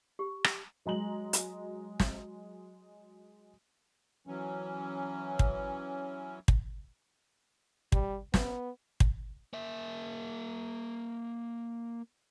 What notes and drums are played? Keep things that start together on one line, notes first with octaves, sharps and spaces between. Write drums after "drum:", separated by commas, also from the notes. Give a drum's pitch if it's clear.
G4
drum: rim click
F#3 G#3 A#5 F#7
drum: hi-hat
drum: snare
E3 F#3 C#4
drum: kick
drum: kick
G3, drum: kick
B3, drum: snare
drum: kick
A#3 E5